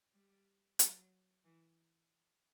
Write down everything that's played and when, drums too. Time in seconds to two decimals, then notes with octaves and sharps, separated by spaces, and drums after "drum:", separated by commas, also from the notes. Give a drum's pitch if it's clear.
0.13 G3
0.79 F#3, drum: hi-hat
1.45 E3